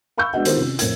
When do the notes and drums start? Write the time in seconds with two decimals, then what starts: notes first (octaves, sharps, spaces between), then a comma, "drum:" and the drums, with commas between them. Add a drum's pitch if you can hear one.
0.18 F5 B5 C#6 E6 G6
0.34 G#3 B3 D4 F#4 D#5 F#5
0.45 D#3 B3 F4 G4 A#4 C5, drum: hi-hat
0.58 C3 C#4
0.79 F2 A2 A#4 G#6, drum: hi-hat